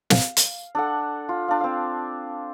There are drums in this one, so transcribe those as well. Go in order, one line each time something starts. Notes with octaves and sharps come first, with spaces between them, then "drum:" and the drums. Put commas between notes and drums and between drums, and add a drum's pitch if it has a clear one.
F5, drum: snare
drum: hi-hat
D4 A4 F#5
F4
D4 F5
C4 F5